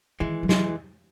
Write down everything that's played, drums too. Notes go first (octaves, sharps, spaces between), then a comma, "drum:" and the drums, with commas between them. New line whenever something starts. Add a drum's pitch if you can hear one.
D#3 E3 G#3
F#3
E3 G#3, drum: snare